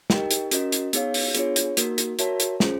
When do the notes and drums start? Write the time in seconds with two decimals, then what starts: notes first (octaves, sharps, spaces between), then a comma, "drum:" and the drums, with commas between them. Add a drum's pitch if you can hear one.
0.10 D#4 G4 A#4 D#5 G5, drum: snare
0.31 drum: hi-hat
0.51 C#4 F#4 A#4 D#5, drum: hi-hat
0.72 drum: hi-hat
0.93 B3 D#4 G#4 C#5 F5, drum: hi-hat
1.14 drum: open hi-hat
1.35 B3 D4 F4 G#4 C#5, drum: hi-hat
1.56 drum: hi-hat
1.77 A#3 D#4 F#4 A#4, drum: hi-hat
1.98 drum: hi-hat
2.19 F#4 A#4 C#5 E5 A5, drum: hi-hat
2.40 drum: hi-hat
2.60 C#4 F4 G#4 C5, drum: snare